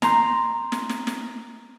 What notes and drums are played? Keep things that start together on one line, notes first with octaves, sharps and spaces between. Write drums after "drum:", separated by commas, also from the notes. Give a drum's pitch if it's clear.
A#5 C6 G6, drum: snare
drum: snare
drum: snare
drum: snare